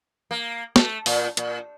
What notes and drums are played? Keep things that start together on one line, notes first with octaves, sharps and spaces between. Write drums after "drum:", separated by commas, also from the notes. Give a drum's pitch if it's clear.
A#3
A3, drum: snare
A#2, drum: open hi-hat
A#2, drum: hi-hat